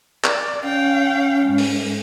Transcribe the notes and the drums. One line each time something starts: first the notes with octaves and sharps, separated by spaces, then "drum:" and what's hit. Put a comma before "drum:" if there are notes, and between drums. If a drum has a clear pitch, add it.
D5, drum: clap
C#4 F5 G5
G#2
drum: open hi-hat